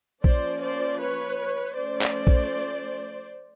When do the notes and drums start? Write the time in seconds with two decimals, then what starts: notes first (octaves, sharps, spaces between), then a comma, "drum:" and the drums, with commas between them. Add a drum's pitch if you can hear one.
0.24 F3 A#3 C#4 C5 D5, drum: kick A#1
0.62 C5 D5
1.00 B4 C#5
1.76 F3 A3 C#4 C5 D5
2.01 drum: clap
2.27 drum: kick A#1